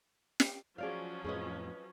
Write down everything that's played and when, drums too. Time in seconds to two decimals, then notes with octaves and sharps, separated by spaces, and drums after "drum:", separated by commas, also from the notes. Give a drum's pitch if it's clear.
0.40 drum: snare
0.78 F3 F#3 C#4 G#4 D5 F5
1.24 F2 A2 G#4 B4 D#5